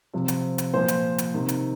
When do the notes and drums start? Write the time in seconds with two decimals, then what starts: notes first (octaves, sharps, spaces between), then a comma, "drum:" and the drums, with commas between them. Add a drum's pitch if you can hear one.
0.14 C3 F3
0.28 drum: hi-hat
0.58 drum: hi-hat
0.73 A#2 F3 C5
0.88 drum: hi-hat
1.18 drum: hi-hat
1.34 C3 D#3
1.49 drum: hi-hat